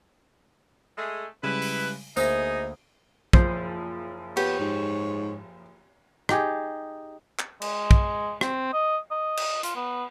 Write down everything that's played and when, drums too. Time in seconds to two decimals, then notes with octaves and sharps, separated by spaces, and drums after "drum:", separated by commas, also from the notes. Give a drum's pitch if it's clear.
0.97 G#3 A3 G#4
1.43 C#3 G3 G#3 E4 B4
1.62 drum: open hi-hat
2.17 D2 A#3 D#4 G#4 C5 D#5 E5 D#6, drum: tambourine
3.33 F#1 F3 C5, drum: kick
4.37 B3 G4 C#5, drum: cymbal
4.59 G#2
6.29 D#4 G4 G#4, drum: rim click
7.39 drum: clap
7.62 G#3, drum: cymbal
7.91 drum: kick
8.41 C4, drum: rim click
8.73 D#5
9.11 D#5
9.37 drum: cymbal
9.63 F4, drum: hi-hat
9.76 B3